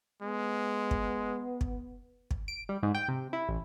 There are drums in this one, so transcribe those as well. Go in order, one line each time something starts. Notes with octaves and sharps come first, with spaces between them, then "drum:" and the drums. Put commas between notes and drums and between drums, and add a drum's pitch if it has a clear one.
G#3 B3
drum: kick
drum: kick
drum: kick
D7
G3
G#2
G5
C3
E4
A1